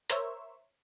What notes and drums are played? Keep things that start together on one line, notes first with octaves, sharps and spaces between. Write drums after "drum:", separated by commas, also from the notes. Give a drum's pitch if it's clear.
A#4 C5 C#5 E5, drum: hi-hat